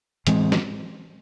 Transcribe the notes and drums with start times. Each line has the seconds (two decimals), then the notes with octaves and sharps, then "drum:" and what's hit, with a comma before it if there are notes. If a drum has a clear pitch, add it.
0.27 A2 E3 G#3 C4, drum: hi-hat
0.52 drum: snare